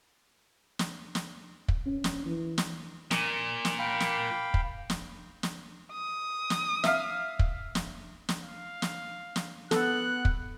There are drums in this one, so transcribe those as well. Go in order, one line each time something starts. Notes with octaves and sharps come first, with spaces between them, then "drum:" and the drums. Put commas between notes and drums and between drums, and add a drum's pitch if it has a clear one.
drum: snare
drum: snare
drum: kick
C#4
drum: snare
E3
drum: snare
A#2, drum: snare
drum: snare
F5 G5 B5
drum: snare
drum: kick
drum: snare
drum: snare
D#6
drum: snare
E5 F5, drum: snare
drum: kick
drum: snare
drum: snare
F5
drum: snare
drum: snare
B3 A4 F#5 F#6, drum: snare
drum: kick